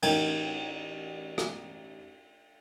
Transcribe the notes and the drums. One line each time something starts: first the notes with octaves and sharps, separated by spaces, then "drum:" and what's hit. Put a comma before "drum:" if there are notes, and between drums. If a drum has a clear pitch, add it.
A1 D#4 A#4 G5 G#6, drum: cymbal
drum: rim click